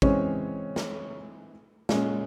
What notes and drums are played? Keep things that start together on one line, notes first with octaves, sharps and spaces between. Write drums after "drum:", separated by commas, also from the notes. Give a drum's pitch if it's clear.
E3 G#3 C4 C#4 C#5, drum: kick
drum: snare
A#2 G#3 C#4, drum: snare